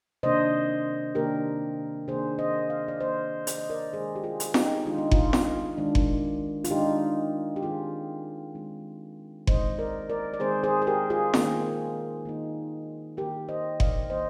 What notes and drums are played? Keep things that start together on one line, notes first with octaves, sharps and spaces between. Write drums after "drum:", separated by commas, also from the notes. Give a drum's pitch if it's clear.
C3 D#3 A#3 D4 C5 D#5
C3 D#3 A#3 D4 G4 A#4
C3 D#3 A#3 D4 G#4 C5
C5 D#5
F5
D5 F5
C3 D#3 A#3 D4 C5 D#5
D5, drum: hi-hat
D#5
A#4 D5
D#3 G#3 D4 G#4 C5
G4
F4 G#4
drum: hi-hat
D#4 G4, drum: snare
D#3 G#3 D4 F4
D#4
F4, drum: kick F#1
drum: snare
D#3 G#3 D4
drum: kick F#1
F4, drum: hi-hat
D#3 G#3 D4 D#4 G4
G4
D#3 G#3 C4 D#4 F4 G#4
D#3 G#3 C4 D#4
D#3 G#3 C4 D#4 C5 D#5, drum: kick F#1
A#4 D5
A#4 D5
D5
D#3 G#3 C4 D#4 G#4 C5
G#4 C5
G#4
G4 A#4
F4 G#4
D#3 A#3 D#4, drum: snare
D#3 A#3 D#4
D#3 A#3 D#4 G4 A#4
C5 D#5
D5 F5, drum: kick F#1
D#3 A#3 D#4 C5 D#5